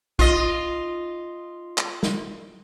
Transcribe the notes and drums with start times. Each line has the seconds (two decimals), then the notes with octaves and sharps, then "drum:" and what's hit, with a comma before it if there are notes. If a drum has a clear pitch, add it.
0.19 F4 D#5, drum: kick
1.78 drum: clap
2.03 drum: snare